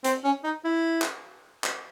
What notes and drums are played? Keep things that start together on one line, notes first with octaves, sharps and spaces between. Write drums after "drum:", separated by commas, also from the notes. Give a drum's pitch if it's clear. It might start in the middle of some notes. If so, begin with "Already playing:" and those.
C4, drum: hi-hat
C#4
D#4
E4
drum: clap
drum: clap